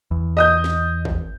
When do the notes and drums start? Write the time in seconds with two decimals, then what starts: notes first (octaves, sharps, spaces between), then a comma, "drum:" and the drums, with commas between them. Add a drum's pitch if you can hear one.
0.11 E2
0.37 D#5 D#6 G6
0.64 drum: snare
1.05 drum: kick G#1